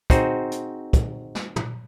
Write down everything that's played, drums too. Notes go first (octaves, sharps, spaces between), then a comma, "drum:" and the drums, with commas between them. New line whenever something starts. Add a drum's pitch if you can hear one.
C4 D#4 F#4 G#4 C5, drum: kick, hi-hat
drum: hi-hat
drum: kick, hi-hat
drum: snare
drum: tom